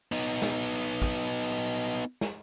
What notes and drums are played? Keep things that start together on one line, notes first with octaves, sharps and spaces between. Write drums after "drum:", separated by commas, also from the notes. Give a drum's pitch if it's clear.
B3 D#4
drum: snare
drum: kick
drum: snare